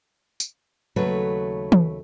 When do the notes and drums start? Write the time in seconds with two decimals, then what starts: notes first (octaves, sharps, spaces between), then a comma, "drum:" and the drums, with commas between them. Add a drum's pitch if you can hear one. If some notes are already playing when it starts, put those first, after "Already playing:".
0.40 drum: tambourine
0.96 D#2 C#3 F#3 A3 B4 C#5
1.72 drum: tom